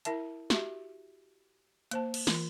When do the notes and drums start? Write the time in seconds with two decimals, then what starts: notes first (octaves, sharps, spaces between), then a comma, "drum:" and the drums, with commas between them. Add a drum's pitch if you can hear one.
0.05 E4 A#4 E5 A5, drum: hi-hat
0.50 F#4 G4 E5, drum: snare
1.91 A#3 C5 A5, drum: hi-hat
2.14 drum: cymbal
2.27 E3 F4, drum: snare